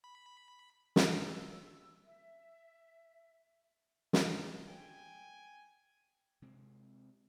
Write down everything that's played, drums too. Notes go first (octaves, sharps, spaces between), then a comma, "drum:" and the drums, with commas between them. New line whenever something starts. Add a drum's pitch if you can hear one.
B5
drum: snare
E6
E5
drum: snare
G5 G#5
C3 G#3 C4